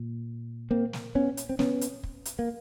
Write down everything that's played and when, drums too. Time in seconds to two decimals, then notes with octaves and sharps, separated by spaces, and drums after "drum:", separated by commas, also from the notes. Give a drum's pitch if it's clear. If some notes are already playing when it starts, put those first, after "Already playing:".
Already playing: A#2
0.71 A#3 C4
0.93 drum: snare
1.15 B3 C#4
1.37 drum: hi-hat
1.49 C4
1.59 B3 C#4, drum: snare
1.81 drum: hi-hat
2.03 drum: kick
2.25 drum: hi-hat
2.39 A#3